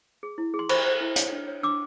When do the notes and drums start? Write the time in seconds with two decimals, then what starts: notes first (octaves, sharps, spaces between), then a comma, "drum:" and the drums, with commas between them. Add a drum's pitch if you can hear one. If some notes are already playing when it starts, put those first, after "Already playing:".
0.23 G#4
0.38 E4
0.54 G#4
0.59 C6
0.69 C5 B5 C#6, drum: cymbal
0.86 C5
1.01 E4
1.16 C#5, drum: hi-hat
1.32 D4
1.48 C#5
1.63 D4 D6 E6